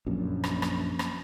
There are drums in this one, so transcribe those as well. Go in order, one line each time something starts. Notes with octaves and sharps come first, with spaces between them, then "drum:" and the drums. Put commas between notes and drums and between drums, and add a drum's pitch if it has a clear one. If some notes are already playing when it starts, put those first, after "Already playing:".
A#1 F#2
drum: rim click
drum: rim click
drum: rim click